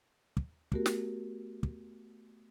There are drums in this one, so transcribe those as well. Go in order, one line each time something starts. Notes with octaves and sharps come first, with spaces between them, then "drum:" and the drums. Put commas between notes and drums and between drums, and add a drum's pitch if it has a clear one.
drum: kick
A3 B3 F#4 G4 A#4, drum: kick
drum: snare
drum: kick